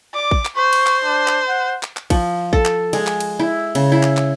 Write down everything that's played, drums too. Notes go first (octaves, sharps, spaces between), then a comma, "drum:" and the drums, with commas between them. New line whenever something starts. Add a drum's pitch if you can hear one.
D5 D6
drum: kick
drum: clap
C5 C#6
drum: cymbal
drum: clap
D4
drum: clap
F#5
drum: clap
drum: clap
F3, drum: kick, cymbal
A4, drum: kick
drum: clap
G#3, drum: cymbal
drum: clap
drum: cymbal
E4
C#3, drum: cymbal
E4
drum: clap
drum: clap